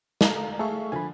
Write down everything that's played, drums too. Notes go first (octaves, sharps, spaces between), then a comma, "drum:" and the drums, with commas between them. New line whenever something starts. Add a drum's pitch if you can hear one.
A4 F5 A#5, drum: snare
A3 G#4 A4 E5 F5 C#6
D3 F3 G#5 B5